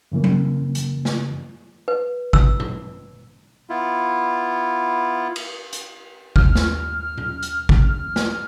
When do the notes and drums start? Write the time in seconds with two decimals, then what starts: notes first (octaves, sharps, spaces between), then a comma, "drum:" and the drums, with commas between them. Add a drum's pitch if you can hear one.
0.12 F#2 C#3 E3 A#3
0.24 drum: tom F#3
0.75 drum: hi-hat
1.05 drum: snare
1.88 B4
2.33 E6, drum: kick
2.60 drum: tom A#2
3.70 B3 E4 F4
5.36 drum: cymbal
5.73 drum: hi-hat
6.36 D#2 F6, drum: kick
6.55 drum: snare
7.18 drum: tom A#2
7.43 drum: hi-hat
7.69 drum: kick
8.16 drum: snare